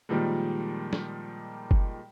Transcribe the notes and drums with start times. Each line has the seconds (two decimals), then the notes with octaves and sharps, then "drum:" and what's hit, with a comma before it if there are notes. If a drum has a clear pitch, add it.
0.09 A#2 D#3 F3 G3 G#3
0.93 drum: snare
1.71 drum: kick F#1